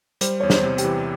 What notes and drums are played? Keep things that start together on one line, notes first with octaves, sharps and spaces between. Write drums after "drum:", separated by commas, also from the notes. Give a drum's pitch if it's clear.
G3 C5, drum: hi-hat
E2 C#5
C5, drum: snare
C3
G4, drum: hi-hat
E3